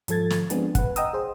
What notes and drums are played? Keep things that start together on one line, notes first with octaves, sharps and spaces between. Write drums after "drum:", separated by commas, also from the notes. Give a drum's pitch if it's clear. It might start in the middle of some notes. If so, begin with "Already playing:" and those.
G#2 F3 A4 G#6 A6, drum: hi-hat
drum: snare
F3 G#3 B3 C4 D4 G#4, drum: hi-hat
B4 F#5, drum: kick, hi-hat
D#5 F#5 G5 A#5 D#6 E6, drum: hi-hat
G#4 C5